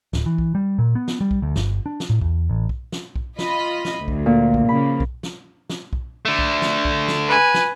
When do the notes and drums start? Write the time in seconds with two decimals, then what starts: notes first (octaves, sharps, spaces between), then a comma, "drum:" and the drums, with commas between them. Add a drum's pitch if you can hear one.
0.13 D1, drum: snare
0.26 E3
0.38 drum: kick B1
0.55 G3
0.78 A#2
0.95 B3
1.08 drum: snare
1.21 G3
1.31 drum: kick B1
1.42 D2
1.56 G1, drum: snare
1.86 D4
2.00 drum: snare
2.09 A2
2.21 E2, drum: kick B1
2.49 A1
2.69 drum: kick B1
2.92 drum: snare
3.16 drum: kick B1
3.39 F4 D#5 B5, drum: snare
3.85 drum: snare
3.97 D2
4.08 drum: kick B1
4.26 A#2
4.54 drum: kick B1
4.69 C#3 F3 A#3 B5
5.00 drum: kick B1
5.23 drum: snare
5.70 drum: snare
5.93 drum: kick B1
6.25 D3 A3
6.39 drum: kick B1
6.62 drum: snare
6.85 drum: kick B1
7.08 drum: snare
7.28 B4 G#5
7.54 drum: snare